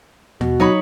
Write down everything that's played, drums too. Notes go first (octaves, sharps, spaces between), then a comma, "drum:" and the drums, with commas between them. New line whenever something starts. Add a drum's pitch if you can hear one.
B2 F#4, drum: tom D#2
F#3 D#4 C#5 B5